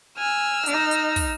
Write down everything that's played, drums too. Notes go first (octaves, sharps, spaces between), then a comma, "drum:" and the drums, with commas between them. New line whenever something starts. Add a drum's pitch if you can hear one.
G#5 E6 F6
D#4, drum: hi-hat
drum: hi-hat
drum: kick, open hi-hat